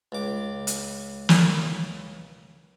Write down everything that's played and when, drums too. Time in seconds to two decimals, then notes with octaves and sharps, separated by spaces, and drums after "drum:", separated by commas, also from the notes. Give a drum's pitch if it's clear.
0.12 C#2 D6
0.67 drum: hi-hat
1.29 drum: snare